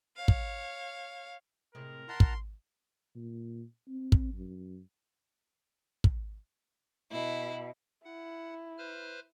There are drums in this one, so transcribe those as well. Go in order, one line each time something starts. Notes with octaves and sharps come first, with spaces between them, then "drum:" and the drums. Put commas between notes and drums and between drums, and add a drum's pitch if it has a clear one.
C#5 F5
drum: kick
A2 C3 G#3 A#4
E4 F#5 A5 A#5 C6
drum: kick
A#2
C4
drum: kick
F#2
drum: kick
B2 E4
E4 F#5
B4 C5 F6